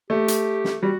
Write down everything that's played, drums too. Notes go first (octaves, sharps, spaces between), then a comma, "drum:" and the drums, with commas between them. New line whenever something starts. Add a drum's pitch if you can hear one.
A3 G4
drum: hi-hat
drum: snare
G3 F#4